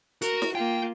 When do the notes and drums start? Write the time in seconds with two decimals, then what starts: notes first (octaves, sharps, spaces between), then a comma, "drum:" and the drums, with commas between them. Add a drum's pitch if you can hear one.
0.22 F#4 A#4, drum: hi-hat
0.42 drum: snare
0.55 A#3 F4 G5